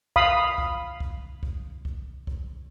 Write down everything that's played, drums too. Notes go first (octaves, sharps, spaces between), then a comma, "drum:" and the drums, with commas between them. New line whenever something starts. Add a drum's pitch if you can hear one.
F5 B5 D#6, drum: kick
drum: kick
drum: kick
drum: kick
drum: kick
drum: kick